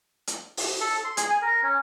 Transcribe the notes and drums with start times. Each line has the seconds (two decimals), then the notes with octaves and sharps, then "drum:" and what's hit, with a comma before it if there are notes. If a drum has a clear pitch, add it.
0.27 drum: hi-hat
0.57 drum: open hi-hat
0.81 A4
1.05 C6
1.17 G#4, drum: hi-hat
1.30 G#5
1.42 A#4
1.63 C#4